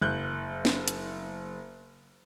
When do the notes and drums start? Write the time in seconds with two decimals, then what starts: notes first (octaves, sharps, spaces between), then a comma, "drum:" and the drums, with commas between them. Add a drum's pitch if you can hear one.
0.02 F#1 F#6 G6
0.65 drum: snare C#4
0.88 drum: hi-hat